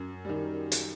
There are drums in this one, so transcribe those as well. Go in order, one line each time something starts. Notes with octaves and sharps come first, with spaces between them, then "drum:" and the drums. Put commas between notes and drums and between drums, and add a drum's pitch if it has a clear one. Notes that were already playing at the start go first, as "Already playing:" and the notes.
Already playing: F#2
D#3 G3
drum: hi-hat